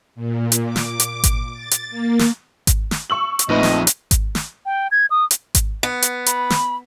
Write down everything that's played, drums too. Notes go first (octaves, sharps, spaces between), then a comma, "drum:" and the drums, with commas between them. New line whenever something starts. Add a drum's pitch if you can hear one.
A#2
drum: hi-hat
D6
drum: snare
drum: hi-hat
drum: kick G#1, hi-hat
A6
drum: hi-hat
A#3
drum: snare
drum: kick G#1, hi-hat
drum: snare
C#6 E6 F#7
drum: hi-hat
A#1 F3 A3 C4 D#4 B4 D#5
drum: snare
drum: hi-hat
drum: kick G#1, hi-hat
drum: snare
G5
G#6
D#6
drum: hi-hat
drum: kick G#1, hi-hat
B3
drum: hi-hat
B5, drum: hi-hat
drum: snare